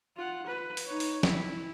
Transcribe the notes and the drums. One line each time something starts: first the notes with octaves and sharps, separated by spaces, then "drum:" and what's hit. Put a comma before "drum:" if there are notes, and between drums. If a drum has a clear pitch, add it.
F4 F#5
B4
drum: open hi-hat
D#4 C#5
drum: open hi-hat
E4, drum: snare